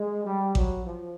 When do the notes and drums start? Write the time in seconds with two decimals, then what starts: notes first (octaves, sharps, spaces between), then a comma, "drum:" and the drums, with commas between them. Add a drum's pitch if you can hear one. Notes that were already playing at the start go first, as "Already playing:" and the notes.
Already playing: G#3
0.25 G3
0.55 F#3, drum: kick A1
0.85 F3